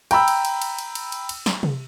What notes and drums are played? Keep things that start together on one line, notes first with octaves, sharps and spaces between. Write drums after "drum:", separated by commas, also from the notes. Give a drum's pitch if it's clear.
G5 A#5 B5 E6, drum: cymbal
drum: cymbal
drum: cymbal
drum: cymbal
drum: cymbal
drum: cymbal
drum: cymbal
drum: cymbal
drum: snare
drum: tom C3